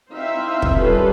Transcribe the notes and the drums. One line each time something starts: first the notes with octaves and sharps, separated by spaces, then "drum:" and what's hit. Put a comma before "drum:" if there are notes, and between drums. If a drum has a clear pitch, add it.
C4 D#4 E4 C5 E5 F5
drum: kick
D#3 G3 C#4 F4 A4 B4